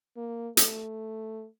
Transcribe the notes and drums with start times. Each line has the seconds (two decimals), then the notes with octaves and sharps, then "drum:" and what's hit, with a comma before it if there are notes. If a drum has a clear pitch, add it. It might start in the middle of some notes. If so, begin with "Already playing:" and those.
0.17 A#3
0.57 A3, drum: hi-hat